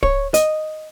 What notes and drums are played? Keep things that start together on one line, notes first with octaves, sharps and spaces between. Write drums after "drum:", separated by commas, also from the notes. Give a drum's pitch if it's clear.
C#5, drum: kick D1
D#5, drum: hi-hat